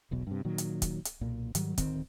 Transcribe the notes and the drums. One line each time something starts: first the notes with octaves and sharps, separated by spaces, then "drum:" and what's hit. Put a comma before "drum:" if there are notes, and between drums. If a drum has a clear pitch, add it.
E1 B1 B2
G2 C3
A#2 D#3 F#3
drum: hi-hat
drum: kick, hi-hat
drum: hi-hat
B1 A#2
G#2 D#3 F#3 G3, drum: hi-hat
D1 D#3 C4, drum: kick, hi-hat